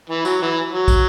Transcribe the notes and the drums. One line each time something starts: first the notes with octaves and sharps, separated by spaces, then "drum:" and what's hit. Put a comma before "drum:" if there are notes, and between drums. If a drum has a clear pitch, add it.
E3
F#3, drum: tambourine
E3
F#3
drum: kick, tambourine